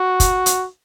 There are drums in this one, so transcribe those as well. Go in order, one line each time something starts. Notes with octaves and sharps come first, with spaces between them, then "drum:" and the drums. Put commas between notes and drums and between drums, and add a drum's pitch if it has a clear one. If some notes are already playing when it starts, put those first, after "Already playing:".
Already playing: F#4
drum: kick, hi-hat
drum: hi-hat